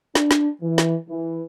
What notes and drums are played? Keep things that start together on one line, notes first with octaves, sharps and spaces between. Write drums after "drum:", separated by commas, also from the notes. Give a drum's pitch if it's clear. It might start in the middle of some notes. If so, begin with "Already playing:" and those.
D4, drum: snare
drum: snare
E3
drum: snare
E3